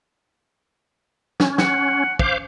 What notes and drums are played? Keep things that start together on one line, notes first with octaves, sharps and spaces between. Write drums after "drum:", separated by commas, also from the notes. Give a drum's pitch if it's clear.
C#4, drum: snare
F#5, drum: snare
C5 F5 D6, drum: kick